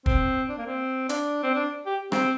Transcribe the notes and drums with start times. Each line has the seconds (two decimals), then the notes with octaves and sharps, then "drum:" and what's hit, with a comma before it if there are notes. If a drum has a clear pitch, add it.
0.06 C4, drum: kick
0.49 D4
0.58 A#3
0.66 C4
1.09 D4, drum: hi-hat
1.43 C4
1.55 D4
1.86 G4
2.12 C4, drum: rim click